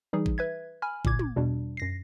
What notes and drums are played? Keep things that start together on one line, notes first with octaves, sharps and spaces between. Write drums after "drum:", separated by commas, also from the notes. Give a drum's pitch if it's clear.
E3 G3 D#4 G#4
drum: kick G#1
B4 E5 G#6
G#5 B5 F6
G1 C2 A#2 D6 G#6, drum: kick G#1
drum: tom
E2 B2 G3 D4
F#2 A#6 C7